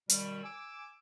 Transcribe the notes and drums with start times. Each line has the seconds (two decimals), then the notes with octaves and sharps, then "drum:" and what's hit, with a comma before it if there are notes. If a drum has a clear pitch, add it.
0.09 F#2 B2 D#3 G3, drum: hi-hat
0.43 G#5 D6 E6